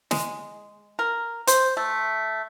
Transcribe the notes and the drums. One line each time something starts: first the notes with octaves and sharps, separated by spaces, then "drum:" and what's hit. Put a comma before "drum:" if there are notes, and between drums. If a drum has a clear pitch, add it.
G#3, drum: snare
A#4
C5, drum: hi-hat
A3